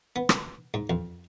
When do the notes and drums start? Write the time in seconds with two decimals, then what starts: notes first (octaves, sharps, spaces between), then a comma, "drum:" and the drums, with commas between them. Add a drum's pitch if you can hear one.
0.16 B3
0.29 drum: rim click
0.74 G#2
0.90 F2